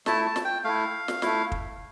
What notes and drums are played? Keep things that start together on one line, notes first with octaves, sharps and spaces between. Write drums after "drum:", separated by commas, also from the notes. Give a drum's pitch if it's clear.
A3 E4 A5, drum: snare
A5
drum: snare
G5
A3 E4 F5
drum: snare
A3 E4, drum: snare
drum: kick